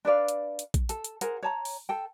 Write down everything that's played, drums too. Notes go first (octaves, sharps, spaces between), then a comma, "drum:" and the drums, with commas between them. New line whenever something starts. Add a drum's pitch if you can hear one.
D4 B4 D5 F5
drum: hi-hat
drum: hi-hat
drum: kick A#1, hi-hat
A4, drum: hi-hat
drum: hi-hat
G#4 A#4 C5 F#5, drum: hi-hat
C#5 A5 A#5
drum: open hi-hat
A4 G5